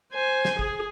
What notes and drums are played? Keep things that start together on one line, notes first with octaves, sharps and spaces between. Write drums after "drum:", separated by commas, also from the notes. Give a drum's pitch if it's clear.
C5 G#5
drum: snare
G#4, drum: kick